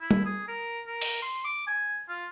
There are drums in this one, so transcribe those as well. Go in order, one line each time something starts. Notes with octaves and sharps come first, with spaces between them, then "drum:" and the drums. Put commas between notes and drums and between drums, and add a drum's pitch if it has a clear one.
E4
drum: tom G3
G#4
A#4
A#4
drum: open hi-hat
C6
D6
G#5
F4